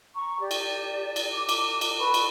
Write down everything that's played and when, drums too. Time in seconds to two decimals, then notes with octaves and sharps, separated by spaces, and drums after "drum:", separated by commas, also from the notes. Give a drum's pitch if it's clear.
0.15 A#5 C#6
0.39 G4 D5
0.51 drum: cymbal
1.16 drum: cymbal
1.32 D6
1.49 drum: cymbal
1.81 drum: cymbal
1.99 A4 B4 B5 C#6
2.14 drum: cymbal